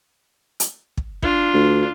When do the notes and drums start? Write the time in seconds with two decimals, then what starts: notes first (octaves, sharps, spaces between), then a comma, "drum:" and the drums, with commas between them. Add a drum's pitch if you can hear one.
0.60 drum: hi-hat
0.97 drum: kick
1.23 D4 F4, drum: kick
1.54 D2